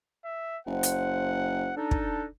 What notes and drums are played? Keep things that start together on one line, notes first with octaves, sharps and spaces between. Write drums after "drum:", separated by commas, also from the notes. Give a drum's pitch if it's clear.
E5
F#1 C5 F#5
drum: hi-hat
D4 D#4 A4
drum: kick